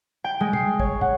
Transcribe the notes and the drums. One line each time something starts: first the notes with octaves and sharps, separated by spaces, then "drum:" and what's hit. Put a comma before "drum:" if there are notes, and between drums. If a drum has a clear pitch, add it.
G5
G#3
C7, drum: tom
C#5, drum: kick
F#5, drum: tom